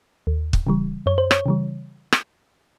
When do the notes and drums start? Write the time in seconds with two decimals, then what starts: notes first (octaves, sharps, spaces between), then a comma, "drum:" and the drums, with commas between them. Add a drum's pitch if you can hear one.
0.27 D#2
0.53 drum: kick
0.67 C#3 E3 G3
1.06 F#2 C#5
1.18 C5
1.31 C#5, drum: rim click
1.46 C#3 E3 G3
2.12 drum: rim click